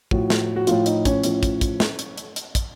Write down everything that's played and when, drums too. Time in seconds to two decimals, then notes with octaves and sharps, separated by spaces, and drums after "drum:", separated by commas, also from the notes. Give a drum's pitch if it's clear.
0.11 A2 F3 F#4, drum: kick
0.30 drum: snare
0.56 F#4
0.67 A2 F3 F4, drum: hi-hat
0.86 D#4, drum: hi-hat
1.05 C#4, drum: kick, hi-hat
1.24 A2 F3, drum: hi-hat
1.43 drum: kick, hi-hat
1.61 drum: kick, hi-hat
1.80 drum: snare
1.99 drum: hi-hat
2.18 drum: hi-hat
2.36 drum: hi-hat
2.55 drum: kick, hi-hat